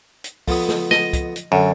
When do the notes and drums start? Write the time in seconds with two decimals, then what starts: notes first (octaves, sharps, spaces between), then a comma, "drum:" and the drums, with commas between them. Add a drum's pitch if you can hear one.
0.24 drum: hi-hat
0.48 F2 B3 D#6, drum: kick, open hi-hat
0.69 drum: snare
0.91 D#5, drum: snare
1.13 drum: kick, hi-hat
1.36 drum: hi-hat
1.52 F#2 D3 F#3